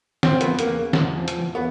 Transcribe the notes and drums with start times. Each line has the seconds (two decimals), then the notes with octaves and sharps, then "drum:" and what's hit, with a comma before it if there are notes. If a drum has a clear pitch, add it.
0.23 F3 C4, drum: snare
0.41 B3, drum: hi-hat
0.47 E2
0.59 A#3, drum: hi-hat
0.69 C#3
0.93 E2, drum: snare
1.16 F3
1.28 drum: hi-hat
1.39 E2
1.55 B3